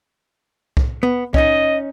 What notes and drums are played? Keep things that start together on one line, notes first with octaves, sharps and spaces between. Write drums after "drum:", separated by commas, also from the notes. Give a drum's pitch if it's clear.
drum: kick C2
B3
C#4 D#4 D#5, drum: kick C2